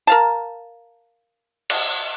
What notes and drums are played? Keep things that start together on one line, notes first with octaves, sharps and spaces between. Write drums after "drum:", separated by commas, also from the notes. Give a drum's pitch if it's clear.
A#4 F5 A5
drum: cymbal